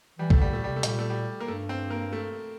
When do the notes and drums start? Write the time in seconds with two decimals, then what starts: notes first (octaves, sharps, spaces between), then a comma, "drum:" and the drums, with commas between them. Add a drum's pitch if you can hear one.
0.19 E3 G3
0.30 D3 A3, drum: kick
0.41 G3
0.50 A#2 A3
0.64 C3 G3
0.76 A3
0.83 A#2 G3, drum: hi-hat
0.99 A3
1.10 G3
1.40 A#3
1.48 G2 A3
1.69 C4
1.90 A#3
2.13 A3